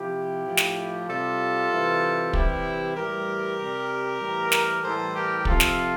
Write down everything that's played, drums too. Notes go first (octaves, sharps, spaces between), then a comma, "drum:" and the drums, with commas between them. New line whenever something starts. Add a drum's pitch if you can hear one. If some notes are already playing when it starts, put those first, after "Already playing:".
Already playing: C3 F3 E4 G4
A2 F3
drum: snare
C3 G3 F4 A4
C3 E3 G3
C3 E3 G3 E4 G4, drum: kick
A2 E3 G3 G4 A#4
C3 G3
A2 E3 G3
drum: snare
A2 E3 G3 A4 C5
G4 A#4
C3 F3 F4 A4, drum: kick
drum: snare